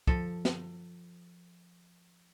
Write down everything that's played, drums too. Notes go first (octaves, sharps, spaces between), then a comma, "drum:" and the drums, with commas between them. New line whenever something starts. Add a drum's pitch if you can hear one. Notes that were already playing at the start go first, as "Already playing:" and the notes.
F3 A4, drum: kick
drum: snare